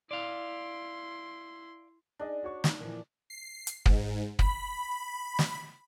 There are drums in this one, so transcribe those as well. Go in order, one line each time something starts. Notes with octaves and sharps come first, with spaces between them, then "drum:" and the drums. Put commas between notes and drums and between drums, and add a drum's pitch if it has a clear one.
E4 D5 F5 C6
D4 D#4 G#4 D#5
F#4 C#5 C#6
D#3, drum: snare
A#2 E3 F3
C7
drum: hi-hat
G#2, drum: kick
B5, drum: kick
drum: snare